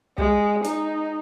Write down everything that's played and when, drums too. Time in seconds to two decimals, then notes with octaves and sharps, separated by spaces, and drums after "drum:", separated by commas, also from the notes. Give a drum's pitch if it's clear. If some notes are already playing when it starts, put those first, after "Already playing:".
0.18 G#3, drum: kick
0.64 D#4, drum: hi-hat